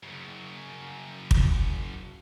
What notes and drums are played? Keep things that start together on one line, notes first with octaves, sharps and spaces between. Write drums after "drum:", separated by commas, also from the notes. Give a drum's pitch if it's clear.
F#2 C#3
drum: kick